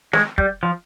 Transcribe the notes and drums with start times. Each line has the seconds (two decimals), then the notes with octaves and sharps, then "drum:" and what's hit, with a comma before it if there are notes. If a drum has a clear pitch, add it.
0.13 G#3, drum: snare
0.38 G3, drum: kick
0.63 F3